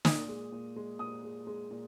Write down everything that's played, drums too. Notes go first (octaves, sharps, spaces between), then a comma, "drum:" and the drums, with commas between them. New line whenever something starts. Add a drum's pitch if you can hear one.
A#2 D#6, drum: snare
G#3
A#2
G#3
A#2 D#6
G#3
G#3
A#2